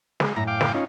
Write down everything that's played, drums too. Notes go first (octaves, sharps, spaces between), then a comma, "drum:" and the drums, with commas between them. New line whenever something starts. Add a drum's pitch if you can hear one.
G#3, drum: snare
F#2 A2 E4 A#5
F5 G5 D6
drum: snare
C#4 D#4 F4